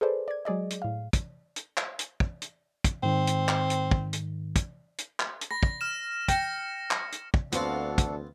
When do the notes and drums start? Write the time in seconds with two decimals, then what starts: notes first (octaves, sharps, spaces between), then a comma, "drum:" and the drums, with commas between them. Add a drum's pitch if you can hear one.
0.01 G#4 A4 B4 C5 D5
0.28 D5 G#6
0.45 F#3 G#3 G#4 D5 D#5
0.70 drum: hi-hat
0.82 A2 F5
1.13 drum: kick, hi-hat
1.56 drum: hi-hat
1.77 drum: clap
1.99 drum: hi-hat
2.20 drum: kick
2.42 drum: hi-hat
2.84 drum: kick, hi-hat
3.03 G#2 D#3 C4
3.27 drum: hi-hat
3.49 drum: clap
3.70 drum: hi-hat
3.91 drum: kick
4.13 drum: hi-hat
4.56 drum: kick, hi-hat
4.98 drum: hi-hat
5.20 drum: clap
5.41 drum: hi-hat
5.51 B5 A#6
5.63 drum: kick
5.81 F6 E7
6.28 G5 A#6 C#7, drum: kick, hi-hat
6.91 drum: clap
7.12 drum: hi-hat
7.34 drum: kick
7.52 D2 B3 C4 D4 F4 F#4 A4 F5, drum: hi-hat
7.98 drum: kick, hi-hat